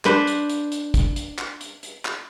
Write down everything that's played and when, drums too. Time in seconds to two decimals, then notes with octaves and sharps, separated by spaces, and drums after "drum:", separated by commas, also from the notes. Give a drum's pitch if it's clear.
0.05 D4 B4 C5, drum: clap
0.27 drum: hi-hat
0.50 drum: hi-hat
0.72 drum: hi-hat
0.94 drum: kick, hi-hat
1.16 drum: hi-hat
1.39 drum: clap
1.61 drum: hi-hat
1.83 drum: hi-hat
2.05 drum: clap